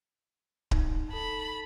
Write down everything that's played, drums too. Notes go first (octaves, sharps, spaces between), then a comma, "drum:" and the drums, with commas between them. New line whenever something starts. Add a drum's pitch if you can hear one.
D#4, drum: kick D1
D#4 A4 A5 B5